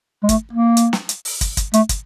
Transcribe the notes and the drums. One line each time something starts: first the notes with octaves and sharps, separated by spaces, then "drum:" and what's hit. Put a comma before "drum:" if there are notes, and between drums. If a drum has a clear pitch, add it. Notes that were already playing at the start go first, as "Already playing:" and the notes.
G#3
A3, drum: kick, hi-hat
A#3
drum: hi-hat
drum: snare
drum: hi-hat
drum: open hi-hat
drum: kick, hi-hat
drum: kick, hi-hat
A3, drum: hi-hat
drum: kick, hi-hat